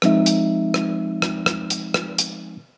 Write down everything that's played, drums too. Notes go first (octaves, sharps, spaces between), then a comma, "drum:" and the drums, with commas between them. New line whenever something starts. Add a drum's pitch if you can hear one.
F3 G#3 C4 D#4 E5, drum: rim click
drum: hi-hat
drum: rim click
drum: rim click
drum: rim click
drum: hi-hat
drum: rim click
drum: hi-hat